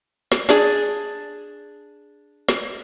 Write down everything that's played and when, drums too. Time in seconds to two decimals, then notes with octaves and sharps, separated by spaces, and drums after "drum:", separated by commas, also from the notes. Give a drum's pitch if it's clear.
0.32 drum: snare
0.49 D4 G#4, drum: snare
2.49 drum: snare